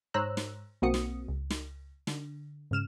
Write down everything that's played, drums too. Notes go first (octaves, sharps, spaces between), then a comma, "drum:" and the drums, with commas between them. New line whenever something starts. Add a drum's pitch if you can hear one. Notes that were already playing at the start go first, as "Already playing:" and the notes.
G#2 C5 C#5 A#5 E6 F#6
drum: snare
B1 A#3 C4 F#4 D#6 C#7
drum: snare
C#2
drum: snare
D3, drum: snare
G#2 C#3 F6 E7